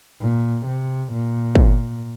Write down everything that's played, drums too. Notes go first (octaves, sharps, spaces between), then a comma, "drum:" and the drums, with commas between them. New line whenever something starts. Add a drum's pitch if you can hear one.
A#2
C3
A#2
drum: kick